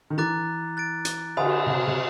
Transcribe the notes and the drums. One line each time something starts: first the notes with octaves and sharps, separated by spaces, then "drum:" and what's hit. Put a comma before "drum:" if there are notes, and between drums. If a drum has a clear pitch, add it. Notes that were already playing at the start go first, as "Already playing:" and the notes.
D#3
E3 A#5 D6 F#6 A6
F#6 A6 D7
drum: hi-hat
D3 G#5 B5 D#6, drum: cymbal
C3
C3